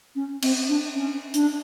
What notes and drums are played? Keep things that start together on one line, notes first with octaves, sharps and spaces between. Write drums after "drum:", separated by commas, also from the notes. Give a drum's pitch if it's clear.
C#4
C4, drum: cymbal
D4
C#4
D4, drum: hi-hat